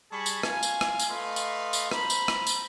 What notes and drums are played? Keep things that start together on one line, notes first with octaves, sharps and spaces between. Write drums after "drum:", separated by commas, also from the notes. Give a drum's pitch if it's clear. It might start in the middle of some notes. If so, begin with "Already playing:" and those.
G3 G#4 A5 B5 C#6
drum: tambourine
F4 F5 G#5, drum: rim click
drum: tambourine
drum: rim click
drum: tambourine
A3 B4 D#5 F5 C6
drum: tambourine
drum: tambourine
C5 A#5 B5, drum: rim click
drum: tambourine
drum: rim click
drum: tambourine